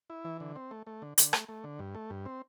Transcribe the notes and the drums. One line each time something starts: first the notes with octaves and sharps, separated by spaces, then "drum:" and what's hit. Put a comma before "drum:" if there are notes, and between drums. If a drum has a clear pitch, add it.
E4
E3
D3
C4
A3
A3
D3
D3, drum: hi-hat
A3, drum: rim click
A3
D3
G2
A3
G2
C4